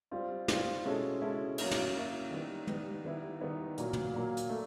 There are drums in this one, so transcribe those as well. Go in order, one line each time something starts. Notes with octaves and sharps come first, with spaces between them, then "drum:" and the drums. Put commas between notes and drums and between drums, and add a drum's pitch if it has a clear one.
G3 C4 F4
G3 C4 F4, drum: snare
B2 G#3 C#4 E4 A4
B2 G#3 C#4 E4 A4
F#3 A#3 C#4 E4, drum: cymbal
drum: snare
F#3 A#3 C#4 E4
D#3 G3 B3
D#3 G3 B3, drum: tom
D#3 G3 B3 E4
D#3 G3 B3 E4
A#2 F#3 A#3, drum: hi-hat
drum: tom
A#2 F#3 A#3
drum: hi-hat
A3